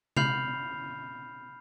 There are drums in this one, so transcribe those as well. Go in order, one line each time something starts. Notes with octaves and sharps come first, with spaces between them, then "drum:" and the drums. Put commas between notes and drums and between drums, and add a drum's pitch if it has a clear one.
B5 F6 G6 C7 F7, drum: tom C3